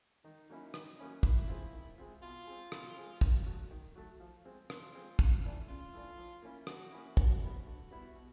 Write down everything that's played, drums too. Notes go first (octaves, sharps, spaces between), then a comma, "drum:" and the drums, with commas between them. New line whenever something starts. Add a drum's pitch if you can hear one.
D#3 D#4
F#3 A#3 C#4 E4
D#3, drum: rim click
F#3 A#3 C#4 E4
D#3 E4, drum: kick
G#3 C4 F4
D#3
G#3 C4 F4
B2 F4
G#3 C4
B2, drum: rim click
G#3 C4
D#3, drum: kick
F#3 A3
D#3
F#3 A3
F3
G#3 C4
F3 F4, drum: rim click
G#3 C4
C#3, drum: kick
E3 A3 D4
C#3 F4
E3 A3 D4
F3
A#3 C#4 E4
F3 F#4, drum: rim click
A#3 C#4 E4
D3, drum: kick
G3 B3 E4
D3 F#4
G3 B3 E4
B2